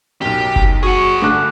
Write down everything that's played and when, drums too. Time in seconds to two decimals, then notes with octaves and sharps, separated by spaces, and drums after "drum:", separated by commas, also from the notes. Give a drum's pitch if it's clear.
0.21 B1 F#2 G4
0.56 drum: kick F#1
0.83 F#4 G#4 F#5 C#6
1.22 G2 D3 A3 D6 F#6